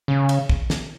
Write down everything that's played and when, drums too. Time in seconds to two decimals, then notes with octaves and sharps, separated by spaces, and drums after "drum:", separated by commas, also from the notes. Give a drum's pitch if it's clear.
0.08 C#3
0.29 drum: cymbal
0.49 drum: kick
0.70 drum: snare